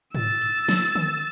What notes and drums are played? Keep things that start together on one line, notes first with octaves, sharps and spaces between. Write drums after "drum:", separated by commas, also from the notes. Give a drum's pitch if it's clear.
E6 A6, drum: tom G#2
drum: hi-hat
drum: snare
drum: tom D3